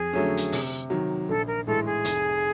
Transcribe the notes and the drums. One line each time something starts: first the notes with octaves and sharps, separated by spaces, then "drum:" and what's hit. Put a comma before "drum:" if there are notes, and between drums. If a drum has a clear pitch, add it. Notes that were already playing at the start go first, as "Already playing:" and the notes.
Already playing: F2 G#4
D3 F#3 A3 C#4
drum: hi-hat
C3, drum: open hi-hat
D#3 F#3
A#1 A4
A#4
A2 E3 G#3 A4
G#4
F1, drum: hi-hat